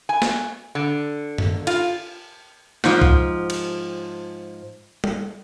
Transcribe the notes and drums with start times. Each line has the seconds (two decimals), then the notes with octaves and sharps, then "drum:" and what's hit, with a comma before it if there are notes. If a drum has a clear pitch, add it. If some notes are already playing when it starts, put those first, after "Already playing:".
0.09 G#5
0.22 drum: snare
0.75 D3
1.38 drum: tom F#2
1.67 F4, drum: cymbal
2.84 G#2 F3, drum: snare
3.02 drum: kick C2
3.50 drum: cymbal
5.04 drum: tom G3